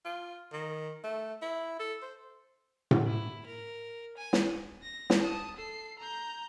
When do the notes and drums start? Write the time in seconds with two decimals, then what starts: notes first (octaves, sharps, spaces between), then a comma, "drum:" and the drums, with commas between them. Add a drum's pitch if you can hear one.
0.05 F4
0.52 D#3
1.04 A3
1.42 E4
1.79 A4
2.02 C5
2.91 drum: tom A2
3.07 E4
3.46 A#4
4.17 G#5
4.33 drum: snare
4.82 A#6
5.10 drum: snare
5.20 A5 D#6
5.56 A4 C7
5.99 A#5 G6